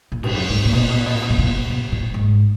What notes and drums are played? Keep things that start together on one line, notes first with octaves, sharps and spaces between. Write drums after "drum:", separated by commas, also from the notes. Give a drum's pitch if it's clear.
A#2
G#2, drum: cymbal
F#2
G#2
A#2
B2
A#2
B2
A#2
B2
A#2
B2
A#2
B2
A#2
B2
A#2
G#2